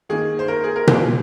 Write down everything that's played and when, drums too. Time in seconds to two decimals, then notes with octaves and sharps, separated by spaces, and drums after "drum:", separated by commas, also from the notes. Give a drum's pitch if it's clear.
0.09 D#3 A#3 G#4
0.39 C5
0.48 A#4
0.64 G#4
0.76 A#4
0.87 A#2 G3 A#3 C5, drum: tom B2